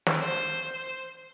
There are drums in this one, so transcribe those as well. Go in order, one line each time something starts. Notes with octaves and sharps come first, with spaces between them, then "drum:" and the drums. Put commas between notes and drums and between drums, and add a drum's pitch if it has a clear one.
drum: snare
C5